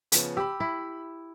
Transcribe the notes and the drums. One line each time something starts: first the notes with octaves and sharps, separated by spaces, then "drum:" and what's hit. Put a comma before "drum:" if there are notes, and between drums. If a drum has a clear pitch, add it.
C#3 F3 B3, drum: hi-hat
G4 B5 E6
E4